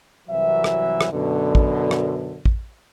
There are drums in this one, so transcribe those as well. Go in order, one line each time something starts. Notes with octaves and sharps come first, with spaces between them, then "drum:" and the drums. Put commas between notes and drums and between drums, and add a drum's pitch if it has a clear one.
C2 E3 F#3 E5
drum: rim click
drum: rim click
F#2 B2 D3
drum: kick
drum: rim click
drum: kick